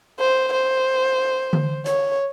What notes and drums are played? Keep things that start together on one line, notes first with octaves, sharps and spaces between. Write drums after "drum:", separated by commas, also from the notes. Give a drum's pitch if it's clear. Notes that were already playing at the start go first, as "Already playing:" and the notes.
C5
C5
drum: tom D3
C#5, drum: hi-hat